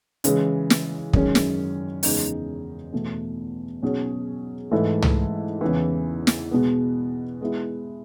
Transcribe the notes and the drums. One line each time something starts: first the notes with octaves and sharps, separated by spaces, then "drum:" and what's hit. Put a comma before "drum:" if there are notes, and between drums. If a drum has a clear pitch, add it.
C#3 E3 G#3, drum: hi-hat
drum: snare
F#2 D#3 G#3 C#4, drum: kick
drum: snare
E2 C#3 G#3 D#4, drum: open hi-hat
E2 B2 A3
B2 F#3 C#4 G#4 C#5
G#2 E3 A3 E4 A4
drum: tom
E2 C#3 E3
drum: snare
B2 G#3 B3
G#3 B3 E4